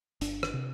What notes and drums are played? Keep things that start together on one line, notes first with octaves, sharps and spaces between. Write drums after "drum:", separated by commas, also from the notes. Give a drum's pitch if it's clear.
G1 D4, drum: hi-hat
drum: rim click
C3